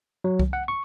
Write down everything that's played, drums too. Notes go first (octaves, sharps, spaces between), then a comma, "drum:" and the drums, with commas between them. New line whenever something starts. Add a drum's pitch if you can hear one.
F#3
drum: kick C2
F#5
C#6